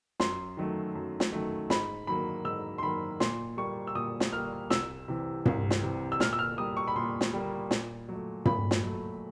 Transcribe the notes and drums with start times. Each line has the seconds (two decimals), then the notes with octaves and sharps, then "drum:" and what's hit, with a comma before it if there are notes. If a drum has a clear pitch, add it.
0.20 F#2 C6, drum: snare
0.57 D#3 F#3 A3
0.95 F#2
1.20 drum: snare
1.32 D#3 F#3 A3
1.70 G#2 B5, drum: snare
2.07 D#3 F#3 A#3 B5
2.45 G#2 E6
2.78 C6
2.82 D#3 F#3 A#3 B5
3.20 A#2 C6, drum: snare
3.57 G3 A#3 C#6
3.87 E6
3.95 A#2 D#6
4.20 drum: snare
4.33 G3 A#3 F6
4.70 C2 E6, drum: snare
5.08 C3 E3
5.46 C2, drum: tom
5.71 drum: snare
5.83 C3 E3
6.12 E6
6.20 A#2 F6, drum: snare
6.33 E6
6.39 F6
6.58 G3 A#3 D#6
6.77 C#6
6.88 B5
6.96 A#2 C6
7.21 drum: snare
7.33 G3 A#3
7.71 A#2, drum: snare
8.09 F#3 A3
8.45 A#2 B5, drum: tom
8.71 drum: snare
8.83 F#3 A3